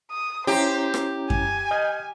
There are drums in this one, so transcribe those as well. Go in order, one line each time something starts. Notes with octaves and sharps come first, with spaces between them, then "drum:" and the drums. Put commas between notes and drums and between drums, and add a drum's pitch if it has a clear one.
D#6
C#4 E4 G4 C5 A#5
drum: rim click
G#5, drum: kick F#2
D#5 F6 G6